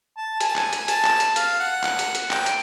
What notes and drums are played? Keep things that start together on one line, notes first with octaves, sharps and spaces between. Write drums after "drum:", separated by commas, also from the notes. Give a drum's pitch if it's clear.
A5
G#5, drum: hi-hat
A5
G#5, drum: clap
drum: hi-hat
A5, drum: hi-hat
drum: clap
drum: hi-hat
F5, drum: hi-hat
F#5
drum: clap
drum: hi-hat
drum: hi-hat
G5, drum: clap
drum: hi-hat